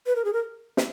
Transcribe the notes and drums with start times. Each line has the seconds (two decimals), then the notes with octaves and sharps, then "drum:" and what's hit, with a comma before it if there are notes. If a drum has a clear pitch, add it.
0.07 B4
0.16 A#4
0.25 G#4
0.33 A#4
0.77 drum: snare